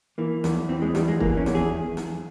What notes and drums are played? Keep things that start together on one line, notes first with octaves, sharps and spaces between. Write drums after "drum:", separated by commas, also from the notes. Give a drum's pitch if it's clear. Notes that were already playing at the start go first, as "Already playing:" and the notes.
E3 A#3
E2, drum: snare
E3 C4
G#3
E2 G3, drum: snare
G#3
E3 A#3, drum: kick
C#4
E2, drum: snare
G#4
drum: snare